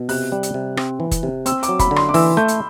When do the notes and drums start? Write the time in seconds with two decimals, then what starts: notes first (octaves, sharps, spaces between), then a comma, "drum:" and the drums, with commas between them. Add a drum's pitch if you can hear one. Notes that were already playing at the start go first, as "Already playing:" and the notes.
Already playing: B2
0.09 C3 F#6, drum: open hi-hat
0.32 G3
0.43 drum: hi-hat
0.54 C3
0.77 C4, drum: rim click
1.00 E3
1.11 drum: kick F#1, hi-hat
1.23 C3
1.46 C4 E6, drum: hi-hat
1.63 D6, drum: hi-hat
1.69 F#3
1.79 B5, drum: kick F#1, hi-hat
1.91 D3
1.96 C6, drum: rim click
2.09 D6
2.14 E3 E6, drum: open hi-hat
2.37 A3 G6
2.48 drum: hi-hat